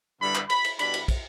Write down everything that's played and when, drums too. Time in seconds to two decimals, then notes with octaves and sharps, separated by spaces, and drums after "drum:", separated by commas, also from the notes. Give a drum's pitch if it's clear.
0.20 G2 D3 G3 B3 E4 B5
0.35 drum: clap
0.50 B5, drum: cymbal
0.64 drum: cymbal
0.79 B2 G3 D4 B5, drum: cymbal
0.94 drum: cymbal
1.08 drum: kick, cymbal